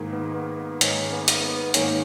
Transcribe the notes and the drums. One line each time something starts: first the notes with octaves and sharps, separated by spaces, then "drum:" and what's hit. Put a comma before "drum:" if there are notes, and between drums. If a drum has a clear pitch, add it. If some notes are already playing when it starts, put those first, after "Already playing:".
Already playing: G#2 D#3 A#3 D#4 G#4
B3
B3
B3
G#2 D#3 A#3 C#4 D#4 G#4, drum: hi-hat
B3
drum: hi-hat
B3
G#2 D#3 A#3 C#4 D#4 G#4, drum: hi-hat